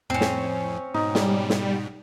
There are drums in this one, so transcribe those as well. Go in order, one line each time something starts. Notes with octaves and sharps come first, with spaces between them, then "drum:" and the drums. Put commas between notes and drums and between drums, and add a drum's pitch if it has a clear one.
F2 A2 C4 C#4
drum: snare
G#2 B2 D#4
G3, drum: snare
drum: snare